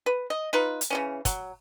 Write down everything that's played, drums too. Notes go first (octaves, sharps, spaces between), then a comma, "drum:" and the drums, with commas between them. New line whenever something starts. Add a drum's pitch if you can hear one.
B4
D#5
D#4 F4 B4
drum: hi-hat
C#3 E3 C#4
F#3, drum: kick, hi-hat